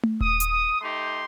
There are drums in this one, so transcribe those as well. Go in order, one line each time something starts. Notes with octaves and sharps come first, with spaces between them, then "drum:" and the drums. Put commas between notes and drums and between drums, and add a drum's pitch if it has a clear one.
drum: tom A3
D#6, drum: kick D#1
drum: hi-hat
A3 D#4 G4 C6